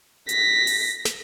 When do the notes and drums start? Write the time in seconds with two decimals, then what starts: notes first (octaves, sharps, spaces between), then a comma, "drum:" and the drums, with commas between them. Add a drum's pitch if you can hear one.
0.29 A#6 B6, drum: hi-hat
0.67 drum: open hi-hat
1.05 drum: snare